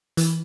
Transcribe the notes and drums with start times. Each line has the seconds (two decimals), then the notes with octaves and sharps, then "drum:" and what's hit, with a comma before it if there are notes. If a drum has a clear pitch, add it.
0.17 E3, drum: hi-hat